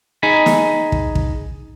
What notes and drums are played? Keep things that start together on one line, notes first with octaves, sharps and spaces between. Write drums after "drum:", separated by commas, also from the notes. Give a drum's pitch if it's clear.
D#4 G#4 B5
drum: snare
drum: kick
drum: kick